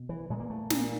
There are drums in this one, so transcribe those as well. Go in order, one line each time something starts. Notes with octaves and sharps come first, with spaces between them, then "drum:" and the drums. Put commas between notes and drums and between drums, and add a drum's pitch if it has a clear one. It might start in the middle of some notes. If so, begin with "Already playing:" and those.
Already playing: B2
E3
A#2 G#3
A#3
A3
A#2, drum: snare